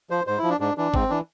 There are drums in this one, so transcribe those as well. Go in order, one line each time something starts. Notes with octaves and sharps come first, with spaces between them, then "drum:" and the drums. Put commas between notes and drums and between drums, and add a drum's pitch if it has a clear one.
F3 C5
G#2 C5
E4
F3
D4
G#2 D4
E3 D4
G#2 C4, drum: kick G1
E3 D4